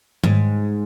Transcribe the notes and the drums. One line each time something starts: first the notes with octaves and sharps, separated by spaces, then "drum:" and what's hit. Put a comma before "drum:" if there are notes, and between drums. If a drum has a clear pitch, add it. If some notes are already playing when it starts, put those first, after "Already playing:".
G#2, drum: tom D#3